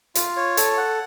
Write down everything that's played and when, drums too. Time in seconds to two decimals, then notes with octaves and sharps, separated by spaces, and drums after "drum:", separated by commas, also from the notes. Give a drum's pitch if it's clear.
0.15 F4, drum: hi-hat
0.37 C#5
0.57 A4, drum: hi-hat
0.78 F#5